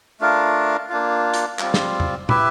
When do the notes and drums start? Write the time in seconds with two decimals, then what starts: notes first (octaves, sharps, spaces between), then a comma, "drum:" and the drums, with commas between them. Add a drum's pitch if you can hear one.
0.20 A3 D4 F4 A#4
0.90 A#3 D4 F4
1.34 drum: hi-hat
1.59 G3 C4 F4, drum: clap
1.74 drum: snare
2.00 drum: tom E2
2.29 E4 G4 B4 E5, drum: tom